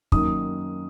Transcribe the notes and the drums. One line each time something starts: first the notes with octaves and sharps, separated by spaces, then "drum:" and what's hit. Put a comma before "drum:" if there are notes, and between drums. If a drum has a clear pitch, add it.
F#2 D#3 A#3 D#6, drum: kick